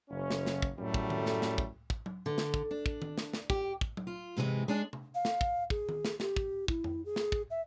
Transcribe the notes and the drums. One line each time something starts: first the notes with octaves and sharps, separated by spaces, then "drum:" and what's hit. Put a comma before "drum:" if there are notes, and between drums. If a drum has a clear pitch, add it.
F#1 C#4
drum: snare
drum: snare
drum: kick
F#2 A2 F#3 G3 A3
drum: kick
drum: tom D#3
drum: snare
drum: snare
drum: kick
drum: kick
drum: tom F#3
D3
drum: snare
drum: kick
D4
drum: kick
drum: tom D#3
drum: snare
drum: snare
G4, drum: kick
drum: kick
drum: tom F#3
F4
G#2 C3 E3 G#3
G#3 D4 G#4
drum: tom C3
F5
drum: snare
drum: kick
G#4, drum: kick
drum: tom D#3
drum: snare
G4, drum: snare
drum: kick
E4, drum: kick
drum: tom F2
G#4
drum: snare
drum: kick
E5